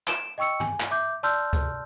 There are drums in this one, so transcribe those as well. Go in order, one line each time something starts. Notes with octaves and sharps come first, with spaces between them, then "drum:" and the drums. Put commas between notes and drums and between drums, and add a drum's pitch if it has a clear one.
D7 E7, drum: clap
D#5 G5 C#6 E6 C#7
G#5, drum: tom
drum: clap
E5 D6 G6
D5 A5 C6 E6 F6 G6
drum: kick C#2, hi-hat